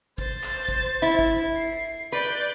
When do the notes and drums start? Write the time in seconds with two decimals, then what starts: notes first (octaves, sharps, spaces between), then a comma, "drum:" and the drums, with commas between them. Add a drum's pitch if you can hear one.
0.18 C5 A6, drum: kick
0.43 drum: clap
0.69 drum: kick
1.02 E4
1.19 drum: kick
1.57 C7
2.12 B4 D5 G6